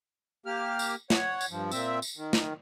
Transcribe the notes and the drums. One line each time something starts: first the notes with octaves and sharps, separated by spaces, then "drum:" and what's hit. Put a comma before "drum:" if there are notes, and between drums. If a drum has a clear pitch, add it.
A#3 G4 F6
drum: tambourine
C#5 F#5, drum: snare
drum: tambourine
G2 F3
A#2 C4 E5, drum: tambourine
drum: tambourine
D#3
drum: snare